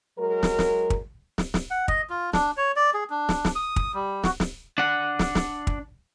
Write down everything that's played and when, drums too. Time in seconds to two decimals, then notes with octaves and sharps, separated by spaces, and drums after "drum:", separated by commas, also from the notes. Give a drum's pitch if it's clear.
0.19 F#3 G#3 A#4
0.43 drum: snare
0.59 drum: snare
0.90 drum: kick
1.38 drum: snare
1.54 drum: snare
1.71 F#5
1.88 D#5, drum: kick
2.10 F4
2.33 D4, drum: snare
2.57 C#5
2.76 D5
2.94 G#4
3.10 D4
3.29 drum: snare
3.45 drum: snare
3.56 D#6
3.76 drum: kick
3.94 G3
4.23 F#4, drum: snare
4.40 drum: snare
4.78 D4 F#5
5.19 drum: snare
5.35 drum: snare
5.67 drum: kick